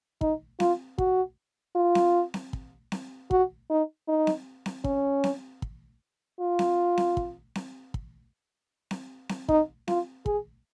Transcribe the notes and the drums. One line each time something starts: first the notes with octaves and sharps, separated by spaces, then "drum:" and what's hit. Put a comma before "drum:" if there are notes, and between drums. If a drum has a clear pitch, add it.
D#4, drum: kick
F4, drum: snare C4
F#4, drum: kick
F4
drum: snare C4
drum: snare C4
drum: kick
drum: snare C4
F#4, drum: kick
D#4
D#4
drum: snare C4
drum: snare C4
C#4, drum: kick
drum: snare C4
drum: kick
F4
drum: snare C4
drum: snare C4
drum: kick
drum: snare C4
drum: kick
drum: snare C4
drum: snare C4
D#4, drum: kick
F4, drum: snare C4
G#4, drum: kick